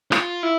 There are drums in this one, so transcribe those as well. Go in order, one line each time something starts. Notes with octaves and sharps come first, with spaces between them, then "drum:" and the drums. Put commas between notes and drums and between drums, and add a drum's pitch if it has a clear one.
F4, drum: rim click
E4